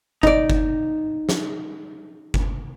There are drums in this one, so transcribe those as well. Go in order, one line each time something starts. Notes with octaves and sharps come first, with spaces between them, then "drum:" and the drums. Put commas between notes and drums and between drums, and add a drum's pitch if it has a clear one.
D#4 D5, drum: kick F#1
drum: kick F#1
drum: snare
drum: kick F#1